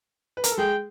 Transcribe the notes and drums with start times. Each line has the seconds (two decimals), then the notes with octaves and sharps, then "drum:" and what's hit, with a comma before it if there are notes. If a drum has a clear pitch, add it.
0.37 B4
0.44 A#4, drum: hi-hat
0.51 A4
0.58 G#3 G#4 G5